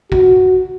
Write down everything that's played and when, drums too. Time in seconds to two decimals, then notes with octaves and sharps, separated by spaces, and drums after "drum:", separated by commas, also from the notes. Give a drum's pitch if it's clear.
0.12 F#4, drum: kick A1